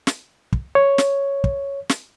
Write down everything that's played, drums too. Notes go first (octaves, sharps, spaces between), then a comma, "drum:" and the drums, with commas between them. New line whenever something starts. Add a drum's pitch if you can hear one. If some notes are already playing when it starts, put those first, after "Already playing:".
drum: snare
drum: kick
C#5
drum: snare
drum: kick
drum: snare